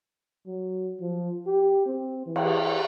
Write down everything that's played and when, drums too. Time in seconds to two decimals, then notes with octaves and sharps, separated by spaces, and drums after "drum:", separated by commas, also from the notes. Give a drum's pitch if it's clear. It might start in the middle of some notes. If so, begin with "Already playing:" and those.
0.47 F#3
1.01 F3
1.46 G4
1.86 C4
2.26 E3
2.36 drum: cymbal